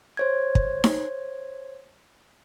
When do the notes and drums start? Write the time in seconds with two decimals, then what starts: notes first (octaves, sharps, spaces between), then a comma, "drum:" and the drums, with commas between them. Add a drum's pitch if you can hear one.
0.17 C5 C#5 G#6
0.55 drum: kick
0.84 drum: snare D#4